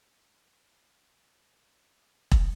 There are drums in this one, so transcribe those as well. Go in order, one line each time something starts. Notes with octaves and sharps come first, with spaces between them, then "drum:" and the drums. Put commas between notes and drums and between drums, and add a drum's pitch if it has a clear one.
B1 C#3 C4 F6
G#4 G#5
D#3 A#3
A#1 B2 G3 A3 B4 D5
B2 G3 A3 B3 C4
drum: kick E1